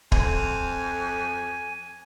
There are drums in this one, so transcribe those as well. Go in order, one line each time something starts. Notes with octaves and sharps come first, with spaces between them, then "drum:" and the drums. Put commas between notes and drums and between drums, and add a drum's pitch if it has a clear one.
F2 G#5, drum: kick